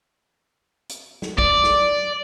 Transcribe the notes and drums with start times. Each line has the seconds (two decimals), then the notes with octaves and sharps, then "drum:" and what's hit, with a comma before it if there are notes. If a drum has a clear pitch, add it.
0.89 drum: hi-hat
1.22 drum: snare
1.38 D5, drum: kick
1.64 drum: snare